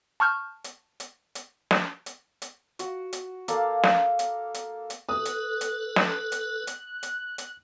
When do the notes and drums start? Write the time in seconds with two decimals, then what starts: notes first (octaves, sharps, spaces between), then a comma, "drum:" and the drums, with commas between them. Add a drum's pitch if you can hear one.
0.20 A5 C#6 F6 G6
0.64 drum: hi-hat
1.00 drum: hi-hat
1.35 drum: hi-hat
1.71 drum: snare
2.06 drum: hi-hat
2.42 drum: hi-hat
2.79 F#4, drum: hi-hat
3.13 drum: hi-hat
3.48 A#3 A4 D5 F5, drum: hi-hat
3.83 drum: snare
4.19 drum: hi-hat
4.54 drum: hi-hat
4.90 drum: hi-hat
5.09 A4 B4 D#6 F#6
5.25 drum: hi-hat
5.61 drum: hi-hat
5.96 drum: snare
6.32 drum: hi-hat
6.67 drum: hi-hat
7.03 drum: hi-hat
7.38 drum: hi-hat